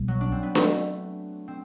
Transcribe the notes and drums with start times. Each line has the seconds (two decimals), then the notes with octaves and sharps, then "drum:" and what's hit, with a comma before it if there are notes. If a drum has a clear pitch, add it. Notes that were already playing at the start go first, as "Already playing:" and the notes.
Already playing: B1 B2 G3
0.08 F#3
0.21 D4
0.32 C4
0.43 B3
0.55 A3, drum: snare D4
1.48 C4